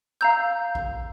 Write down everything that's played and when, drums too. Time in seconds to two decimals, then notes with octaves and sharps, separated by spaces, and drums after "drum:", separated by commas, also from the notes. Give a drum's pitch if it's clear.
0.21 F5 A#5 E6 G6
0.75 drum: kick A#1